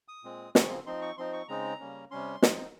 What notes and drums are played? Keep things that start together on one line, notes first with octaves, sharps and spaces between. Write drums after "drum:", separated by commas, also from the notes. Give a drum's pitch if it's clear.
D#6
A#2 G#3 C4
C#3 F3 C4 C#6, drum: snare
C6
F3 C4 D#4 C6
C#6
F3 C4 D#4 C6
C#6
C#3 G#3 C4 D#4 A#5
C#3 G3 A#3 C#4
C3 G3 C#4 C6
F3 C4 D#4, drum: snare